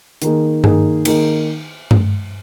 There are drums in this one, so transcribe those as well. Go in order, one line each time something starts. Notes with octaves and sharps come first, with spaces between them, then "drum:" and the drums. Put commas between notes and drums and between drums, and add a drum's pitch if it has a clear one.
D#3 A#3 D#4 G#4, drum: hi-hat
D#3 A#3 D#4 G#4, drum: tom G2
D#3 A#3 D#4 G#4, drum: cymbal
drum: tom G2